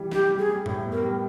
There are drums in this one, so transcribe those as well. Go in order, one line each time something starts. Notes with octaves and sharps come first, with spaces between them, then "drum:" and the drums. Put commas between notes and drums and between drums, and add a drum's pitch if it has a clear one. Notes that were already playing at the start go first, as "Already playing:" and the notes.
Already playing: E3 G3
G3 G4, drum: snare
G3
G#4
G3
A2, drum: tom F#2
B3
A#4
G3